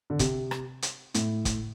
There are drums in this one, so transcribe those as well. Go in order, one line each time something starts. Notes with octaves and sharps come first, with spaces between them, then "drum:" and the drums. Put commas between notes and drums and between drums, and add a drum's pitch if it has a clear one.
D3
C3, drum: kick, hi-hat
drum: rim click
drum: hi-hat
A2, drum: hi-hat
drum: kick, hi-hat